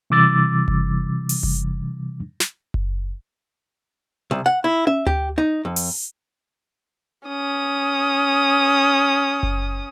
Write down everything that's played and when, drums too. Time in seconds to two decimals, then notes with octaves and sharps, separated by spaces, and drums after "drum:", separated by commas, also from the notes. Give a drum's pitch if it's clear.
0.10 C3 E3 G3 D6 E6 A6
0.68 drum: kick F#1
1.29 drum: open hi-hat
1.43 drum: kick F#1
2.40 drum: snare
2.74 drum: kick F#1
4.31 C2
4.46 F#5
4.64 E4
4.87 E5, drum: tom
5.07 G4, drum: tom D2
5.38 D#4
5.65 F2
5.76 drum: open hi-hat
7.27 C#4 D#6
9.43 drum: kick F#1